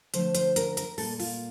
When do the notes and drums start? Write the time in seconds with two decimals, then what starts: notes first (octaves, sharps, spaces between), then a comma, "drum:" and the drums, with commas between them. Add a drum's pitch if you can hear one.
0.14 D3 F3 A3 C5, drum: hi-hat
0.35 C5, drum: hi-hat
0.56 A#4, drum: hi-hat
0.77 A#4, drum: hi-hat
0.98 A#2 G3 A#3 A4, drum: open hi-hat
1.20 F4, drum: open hi-hat